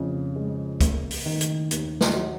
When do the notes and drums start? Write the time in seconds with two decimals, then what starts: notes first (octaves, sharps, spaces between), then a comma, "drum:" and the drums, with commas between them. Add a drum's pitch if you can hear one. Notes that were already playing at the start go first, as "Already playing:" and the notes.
Already playing: F2 C#3
0.36 G#3
0.81 A#3, drum: kick, hi-hat
1.11 drum: open hi-hat
1.26 D#3
1.41 drum: hi-hat
1.71 D#2, drum: hi-hat
2.01 drum: snare
2.16 F#3